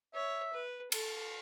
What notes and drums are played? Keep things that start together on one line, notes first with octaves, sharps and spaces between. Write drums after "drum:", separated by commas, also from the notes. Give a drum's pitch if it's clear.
C#5 E5
B4
A4, drum: cymbal